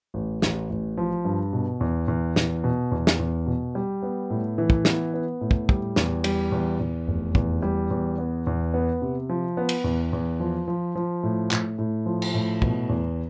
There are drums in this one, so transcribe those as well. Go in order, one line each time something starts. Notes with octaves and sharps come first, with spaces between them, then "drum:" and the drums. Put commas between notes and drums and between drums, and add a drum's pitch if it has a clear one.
A1
A1, drum: snare
A1
F3
G2
B2
E2
E2
E2, drum: snare
B2
E2
drum: snare
E2
B2
G3
B3
A2
E3
drum: kick
B3, drum: snare
B3
A2
drum: kick
G3, drum: kick
E2, drum: snare
G3, drum: cymbal
E2
E2
F1
E2, drum: kick
G3
E2
B3
E2
B3
C3
F3
B3
drum: cymbal
E2
E2
F3
F3
F3
A2
A2, drum: clap
A2
F3
drum: cymbal
A2
B2, drum: kick
E2